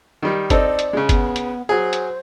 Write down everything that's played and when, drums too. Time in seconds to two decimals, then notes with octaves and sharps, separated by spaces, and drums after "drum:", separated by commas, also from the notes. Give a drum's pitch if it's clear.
0.23 D#3 G3
0.50 C4 D#4 A4 D5, drum: kick F#1, hi-hat
0.79 drum: hi-hat
0.93 C#3 G#3
1.09 B3, drum: kick F#1, hi-hat
1.36 drum: hi-hat
1.69 F#3 G#4 C5
1.93 drum: hi-hat